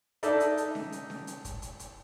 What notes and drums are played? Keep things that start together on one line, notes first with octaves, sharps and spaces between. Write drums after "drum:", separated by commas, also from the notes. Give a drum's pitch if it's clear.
D4 D#4 A4 D5 E5, drum: hi-hat
drum: hi-hat
drum: hi-hat
drum: snare C#4
drum: hi-hat
drum: snare C#4
drum: hi-hat
drum: kick, hi-hat
drum: hi-hat
drum: hi-hat